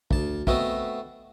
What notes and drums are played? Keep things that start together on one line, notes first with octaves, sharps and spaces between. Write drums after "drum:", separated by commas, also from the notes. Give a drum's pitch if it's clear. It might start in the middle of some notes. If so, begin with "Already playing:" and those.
D2 A5, drum: kick
A3 B3 C4 F#4 A4 D#5, drum: kick